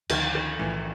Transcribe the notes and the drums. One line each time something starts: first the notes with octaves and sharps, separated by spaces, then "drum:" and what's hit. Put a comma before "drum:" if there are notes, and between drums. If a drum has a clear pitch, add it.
D2 D3 D#3 F3, drum: cymbal
D#3
B1 A2 E3 F3 A3